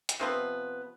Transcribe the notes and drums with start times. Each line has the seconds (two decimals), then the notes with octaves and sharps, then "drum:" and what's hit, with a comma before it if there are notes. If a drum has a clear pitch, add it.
0.09 drum: hi-hat
0.19 C3 F3 B3